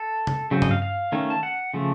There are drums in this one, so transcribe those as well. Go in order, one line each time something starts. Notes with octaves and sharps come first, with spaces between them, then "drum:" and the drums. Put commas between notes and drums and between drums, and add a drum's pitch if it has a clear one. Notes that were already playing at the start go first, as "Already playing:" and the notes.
Already playing: A4
drum: tom
C#3 F#3 C4
D#5, drum: tom G2
F5
F5
D#3 A3 C#4
A5
F#5
C#3 F3 A3